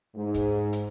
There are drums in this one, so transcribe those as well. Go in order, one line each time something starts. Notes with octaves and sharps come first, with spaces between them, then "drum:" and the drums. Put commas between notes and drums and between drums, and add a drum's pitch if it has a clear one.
G#2
drum: kick, hi-hat
drum: hi-hat